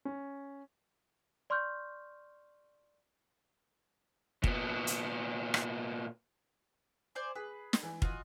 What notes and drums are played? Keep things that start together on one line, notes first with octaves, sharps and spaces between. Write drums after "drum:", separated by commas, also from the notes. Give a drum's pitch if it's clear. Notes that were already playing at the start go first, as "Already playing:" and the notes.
C#4
D5 C6 C#6 F6 G6
A#2 B3, drum: kick
drum: hi-hat
drum: rim click
C5 D5 G#5
G#4 B4
drum: snare
E3
F4 F#4 D#5, drum: kick